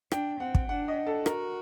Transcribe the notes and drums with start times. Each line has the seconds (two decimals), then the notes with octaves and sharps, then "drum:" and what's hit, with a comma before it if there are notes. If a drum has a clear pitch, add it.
0.12 D4 G5, drum: rim click
0.40 C4 F#5
0.55 drum: kick
0.69 D4 F#5
0.88 D#5
1.07 A4
1.26 F#4 A#4, drum: rim click